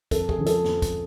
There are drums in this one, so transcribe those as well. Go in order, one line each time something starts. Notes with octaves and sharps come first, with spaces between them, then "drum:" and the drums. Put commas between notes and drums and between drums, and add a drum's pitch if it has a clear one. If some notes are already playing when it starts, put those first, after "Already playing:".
F2 A4, drum: kick, hi-hat
G#4, drum: kick
C#3 F3 G#3
A4, drum: hi-hat
F2, drum: snare
drum: kick, hi-hat